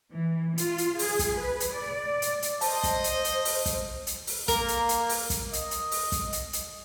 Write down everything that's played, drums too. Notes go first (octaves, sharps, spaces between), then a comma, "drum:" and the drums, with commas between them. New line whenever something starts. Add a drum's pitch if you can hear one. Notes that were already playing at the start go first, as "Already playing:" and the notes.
E3
F4, drum: hi-hat
drum: hi-hat
G#4, drum: open hi-hat
drum: kick, hi-hat
B4
drum: hi-hat
D5
D5
drum: hi-hat
drum: hi-hat
C5 D#5 A5, drum: open hi-hat
drum: kick, hi-hat
drum: hi-hat
drum: hi-hat
drum: open hi-hat
drum: kick, hi-hat
drum: hi-hat
drum: open hi-hat
A#3 A#4, drum: kick, hi-hat
drum: hi-hat
drum: hi-hat
drum: open hi-hat
drum: kick, hi-hat
D#5, drum: hi-hat
drum: hi-hat
drum: open hi-hat
drum: kick, hi-hat
drum: hi-hat
drum: hi-hat